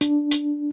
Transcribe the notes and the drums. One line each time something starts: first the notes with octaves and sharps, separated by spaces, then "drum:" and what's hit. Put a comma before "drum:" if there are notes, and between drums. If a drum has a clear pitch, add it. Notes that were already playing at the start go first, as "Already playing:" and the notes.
D4, drum: hi-hat
drum: hi-hat